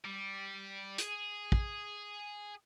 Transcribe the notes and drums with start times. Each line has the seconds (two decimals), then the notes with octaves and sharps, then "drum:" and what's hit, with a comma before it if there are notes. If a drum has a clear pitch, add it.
0.05 G3
0.98 G#4, drum: hi-hat
1.52 drum: kick